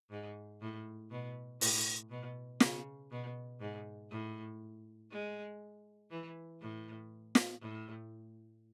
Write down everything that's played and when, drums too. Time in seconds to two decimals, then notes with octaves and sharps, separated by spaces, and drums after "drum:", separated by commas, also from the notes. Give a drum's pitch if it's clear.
0.10 G#2
0.61 A2
1.11 B2
1.61 A2, drum: open hi-hat
2.10 B2
2.60 C#3, drum: snare
3.11 B2
3.61 G#2
4.11 A2
5.11 G#3
6.11 E3
6.61 A2
7.35 drum: snare
7.60 A2